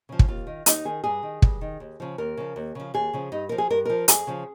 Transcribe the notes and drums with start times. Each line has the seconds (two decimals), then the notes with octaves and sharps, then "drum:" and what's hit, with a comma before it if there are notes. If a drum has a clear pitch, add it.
0.09 C#3 F3
0.19 drum: kick
0.28 D#2 F4
0.47 D#3
0.66 D#2 D#4, drum: hi-hat
0.85 D#3 G#4
1.04 G2 G#4
1.23 D#3
1.42 G2, drum: kick
1.61 D#3
1.80 D#2
2.00 C#3 F3
2.18 D#2 A#4
2.37 C#3 F3
2.56 D#2
2.75 C#3 F3
2.94 D#2 G#4
3.13 C#3 F3
3.32 G2 D#4
3.49 F3 A#4
3.58 G#4
3.70 G2 A#4
3.86 F3 A#4
4.08 F2 G#4, drum: hi-hat
4.27 C#3 F3